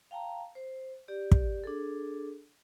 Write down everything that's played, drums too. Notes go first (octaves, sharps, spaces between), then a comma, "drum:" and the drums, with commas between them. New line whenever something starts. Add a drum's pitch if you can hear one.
F5 G5 A5 A#5
C5
G4 D5
drum: kick
D4 G#4 A4